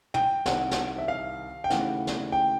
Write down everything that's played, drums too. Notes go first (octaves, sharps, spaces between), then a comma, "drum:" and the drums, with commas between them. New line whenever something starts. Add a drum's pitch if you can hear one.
G5, drum: tom
C2 C3 D#3 G3 C4 F#5, drum: snare
drum: snare
E5
F5
G5
D#2 C#3 E3 A3 F#5, drum: snare
drum: snare
G5